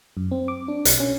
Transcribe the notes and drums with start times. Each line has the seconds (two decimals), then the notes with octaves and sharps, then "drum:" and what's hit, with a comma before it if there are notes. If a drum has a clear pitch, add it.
0.17 F#2
0.31 C4
0.48 D6
0.68 D4
0.85 B1, drum: hi-hat
1.00 C#4